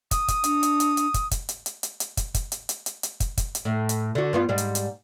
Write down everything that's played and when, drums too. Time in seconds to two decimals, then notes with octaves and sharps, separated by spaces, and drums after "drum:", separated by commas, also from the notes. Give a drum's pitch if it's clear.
0.11 D#6, drum: kick, hi-hat
0.28 drum: kick, hi-hat
0.44 D4, drum: hi-hat
0.63 drum: hi-hat
0.80 drum: hi-hat
0.97 drum: hi-hat
1.14 drum: kick, hi-hat
1.31 drum: kick, hi-hat
1.49 drum: hi-hat
1.66 drum: hi-hat
1.83 drum: hi-hat
2.00 drum: hi-hat
2.17 drum: kick, hi-hat
2.34 drum: kick, hi-hat
2.52 drum: hi-hat
2.69 drum: hi-hat
2.86 drum: hi-hat
3.03 drum: hi-hat
3.20 drum: kick, hi-hat
3.38 drum: kick, hi-hat
3.55 drum: hi-hat
3.65 A2
3.89 drum: hi-hat
4.15 D3 F#4
4.33 G2 B3 F4
4.49 G#2 G3
4.58 drum: hi-hat
4.75 drum: hi-hat